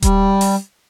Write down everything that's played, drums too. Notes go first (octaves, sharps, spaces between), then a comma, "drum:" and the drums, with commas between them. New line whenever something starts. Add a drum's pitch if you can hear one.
G3, drum: kick D#1, hi-hat
drum: open hi-hat